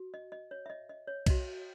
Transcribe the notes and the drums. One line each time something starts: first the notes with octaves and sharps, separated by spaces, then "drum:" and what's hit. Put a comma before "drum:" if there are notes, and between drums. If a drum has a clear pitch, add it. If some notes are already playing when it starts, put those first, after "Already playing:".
Already playing: F#4
D#5
D#5
C#5
E5
D#5
D#5
C#5
F#4 C#5 D#5, drum: kick B1, cymbal